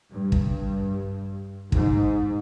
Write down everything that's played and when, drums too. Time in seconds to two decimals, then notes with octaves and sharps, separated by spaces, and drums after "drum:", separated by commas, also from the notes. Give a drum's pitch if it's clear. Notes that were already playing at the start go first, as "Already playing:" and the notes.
0.12 G2
0.32 drum: kick
1.72 G#2, drum: kick